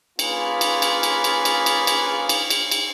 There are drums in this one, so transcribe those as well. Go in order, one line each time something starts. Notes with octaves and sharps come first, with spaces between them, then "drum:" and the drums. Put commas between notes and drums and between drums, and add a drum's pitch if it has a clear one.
A#3 C#4 F4 G#4 B4, drum: cymbal
drum: cymbal
drum: cymbal
drum: cymbal
drum: cymbal
drum: cymbal
drum: cymbal
drum: cymbal
drum: cymbal
drum: cymbal
drum: cymbal